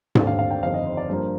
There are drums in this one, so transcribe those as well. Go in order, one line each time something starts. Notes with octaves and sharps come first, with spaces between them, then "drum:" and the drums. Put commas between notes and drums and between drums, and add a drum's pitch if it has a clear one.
D#2 D3 A3 C4 D5, drum: tom G#2
F5
F5
G5
G1 F2 D#3 F5
D#5
C5
D5
G2 F3 A#3 C5